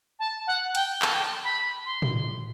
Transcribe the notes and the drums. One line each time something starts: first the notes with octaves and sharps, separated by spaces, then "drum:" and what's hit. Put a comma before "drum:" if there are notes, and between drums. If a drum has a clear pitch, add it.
A5
F#5
G5, drum: hi-hat
A5, drum: clap
G5
A5
B5
C6
drum: tom A2